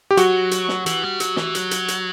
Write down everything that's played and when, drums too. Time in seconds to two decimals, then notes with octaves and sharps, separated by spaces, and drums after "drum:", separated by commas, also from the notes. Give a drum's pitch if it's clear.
0.11 G4
0.17 F#3 F#4, drum: hi-hat
0.51 drum: hi-hat
0.69 drum: snare
0.86 E3, drum: hi-hat
1.03 G3
1.20 F#3, drum: hi-hat
1.36 E3, drum: snare
1.55 F#3, drum: hi-hat
1.71 drum: hi-hat
1.88 drum: hi-hat